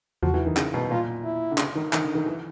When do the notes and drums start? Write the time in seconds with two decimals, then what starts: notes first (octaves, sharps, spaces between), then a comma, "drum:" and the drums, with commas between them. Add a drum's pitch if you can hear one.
0.22 F3 F#4, drum: tom E2
0.34 E3
0.46 D#3
0.57 C#3, drum: clap
0.74 B2
0.90 A#2 F4
1.24 E4
1.51 D3
1.58 C#3, drum: clap
1.75 D#3
1.93 D#3, drum: clap
2.04 D3
2.15 D#3
2.26 E3